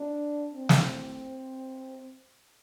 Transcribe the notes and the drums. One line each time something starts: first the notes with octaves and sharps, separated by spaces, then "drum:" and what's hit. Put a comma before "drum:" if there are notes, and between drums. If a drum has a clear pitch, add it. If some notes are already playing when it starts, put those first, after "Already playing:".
Already playing: D4
C4
drum: snare